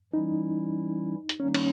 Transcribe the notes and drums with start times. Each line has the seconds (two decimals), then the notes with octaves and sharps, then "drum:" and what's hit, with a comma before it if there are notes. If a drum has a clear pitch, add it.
0.13 E3 G3 C#4 D#4 E4
1.29 drum: hi-hat
1.40 D#3 G3 A#3 C#4 D#4
1.54 C#4, drum: cymbal